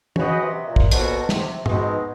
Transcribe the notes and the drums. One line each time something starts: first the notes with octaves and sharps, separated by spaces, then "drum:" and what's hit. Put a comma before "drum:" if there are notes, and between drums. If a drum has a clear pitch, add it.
C#3 F#4 B4 D#5 G5, drum: tom
C3
A#2
drum: kick
B2 A#3 C#4 F#4 A4 C5, drum: hi-hat
C3, drum: snare
B2 G#3 C4 D#4, drum: tom G#2